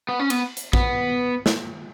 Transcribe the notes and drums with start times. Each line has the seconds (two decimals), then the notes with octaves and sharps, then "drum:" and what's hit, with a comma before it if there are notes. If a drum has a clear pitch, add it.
0.09 B3
0.19 C#4
0.30 B3, drum: cymbal
0.57 drum: hi-hat
0.73 B3, drum: kick
1.46 drum: snare